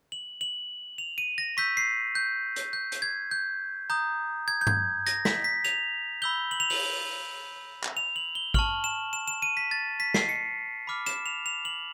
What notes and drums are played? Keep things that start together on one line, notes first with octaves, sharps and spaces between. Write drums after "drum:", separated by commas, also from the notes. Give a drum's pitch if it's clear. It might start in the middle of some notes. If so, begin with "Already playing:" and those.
F#7
F#7
F7
D#7
A#6
C#6 E6 G6 B6
C7
G6
drum: hi-hat
G6
drum: hi-hat
G#6
G6
A#5 D#6 G6
G#6
G6
G#6, drum: tom G2
A#6, drum: hi-hat
B6, drum: snare
B6
F7, drum: hi-hat
B5 E6 G6 G7
F#7
F7
F#7, drum: open hi-hat
drum: clap
F7
F#7
G7
A5 C#6 F6 F#7, drum: kick
E7
E7
E7
D#7
B6
A6
B6
C7, drum: snare
C#7
B5 D6 F6
E7, drum: hi-hat
F7
F7
F#7